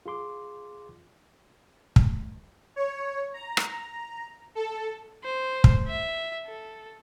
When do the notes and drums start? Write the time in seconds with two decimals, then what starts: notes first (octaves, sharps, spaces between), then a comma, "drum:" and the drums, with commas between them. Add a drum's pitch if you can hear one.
0.06 F4 G#4 C6 D6
1.96 drum: kick
2.76 C#5
3.34 A#5
3.57 drum: rim click
4.55 A4
5.24 C5
5.64 drum: kick
5.87 E5
6.46 A4